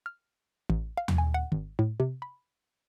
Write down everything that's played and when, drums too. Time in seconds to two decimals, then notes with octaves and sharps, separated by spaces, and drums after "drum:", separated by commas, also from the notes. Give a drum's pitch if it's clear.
0.06 F6
0.70 A1
0.97 F5
1.08 drum: tom
1.18 G#5
1.34 F#5
1.52 G#1
1.79 A2
2.00 C3
2.22 B5